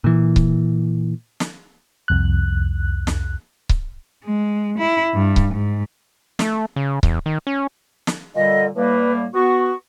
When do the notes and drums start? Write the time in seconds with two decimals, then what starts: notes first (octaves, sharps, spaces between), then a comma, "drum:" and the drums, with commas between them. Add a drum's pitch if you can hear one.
0.04 A#2 E3
0.36 drum: kick C#1
1.40 drum: snare
2.08 C2 F2 F#6
3.07 drum: snare
3.69 drum: kick C#1
4.24 G#3
4.79 E4
5.14 G2
5.36 drum: kick C#1
5.54 G#2
6.39 A3, drum: snare
6.76 C#3
7.03 E2, drum: kick C#1
7.26 D#3
7.47 C#4
8.07 drum: snare
8.36 A#2 D3 G3 D#5
8.76 A2 G3 A#3 B4
9.34 B3 F#4 C#6